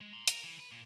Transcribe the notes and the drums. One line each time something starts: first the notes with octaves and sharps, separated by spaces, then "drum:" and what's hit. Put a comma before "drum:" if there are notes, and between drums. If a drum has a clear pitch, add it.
G#3
A#5 C6
A#4, drum: hi-hat
E3
B4
A#2